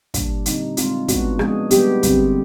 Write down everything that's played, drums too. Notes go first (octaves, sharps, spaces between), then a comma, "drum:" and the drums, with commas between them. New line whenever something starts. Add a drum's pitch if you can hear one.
A#2 G3 A#3 D4, drum: kick, hi-hat
D3 G3 C4 D#4, drum: hi-hat
D#3 G#3 C4 F4, drum: hi-hat
D#3 G#3 B3 D4 F#4, drum: kick, hi-hat
F3 G#3 B3 D4 G#4, drum: rim click
D#3 G3 B3 D4 G4, drum: hi-hat
D3 G3 C4, drum: kick, hi-hat